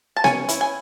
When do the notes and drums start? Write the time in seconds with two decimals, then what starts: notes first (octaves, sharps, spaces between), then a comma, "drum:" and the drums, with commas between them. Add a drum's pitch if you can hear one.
0.17 A5
0.24 C#4 G#5, drum: snare B3
0.49 E4, drum: hi-hat
0.61 G#5